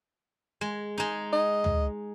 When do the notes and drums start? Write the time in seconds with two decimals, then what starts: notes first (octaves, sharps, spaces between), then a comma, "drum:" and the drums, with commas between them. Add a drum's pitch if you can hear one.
0.61 G#3
0.98 G#3 D#4
1.33 D#5
1.64 drum: tom